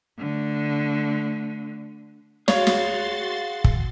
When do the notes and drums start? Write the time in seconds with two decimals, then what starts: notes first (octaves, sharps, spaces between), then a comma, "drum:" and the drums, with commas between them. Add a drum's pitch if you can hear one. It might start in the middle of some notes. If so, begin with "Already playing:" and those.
0.19 D3 A3
2.48 F#4 G#4 C#5 F5 C6 A6, drum: snare
2.67 drum: snare
3.64 drum: kick